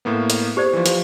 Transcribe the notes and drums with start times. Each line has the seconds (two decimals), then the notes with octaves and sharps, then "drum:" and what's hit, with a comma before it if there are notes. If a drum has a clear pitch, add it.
0.05 A2 A#3 B3
0.30 drum: hi-hat
0.57 G4 C5 D5 C#6
0.73 E3 F3
0.86 F3, drum: hi-hat